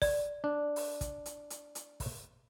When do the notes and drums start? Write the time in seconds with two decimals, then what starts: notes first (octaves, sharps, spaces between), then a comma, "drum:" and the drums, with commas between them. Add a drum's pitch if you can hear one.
0.02 D5, drum: kick, open hi-hat
0.44 D4
0.76 drum: open hi-hat
1.01 drum: kick, hi-hat
1.26 drum: hi-hat
1.50 drum: hi-hat
1.75 drum: hi-hat
2.00 drum: kick, open hi-hat